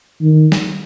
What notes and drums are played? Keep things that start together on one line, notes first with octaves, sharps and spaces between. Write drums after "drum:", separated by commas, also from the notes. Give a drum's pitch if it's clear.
D#3
drum: snare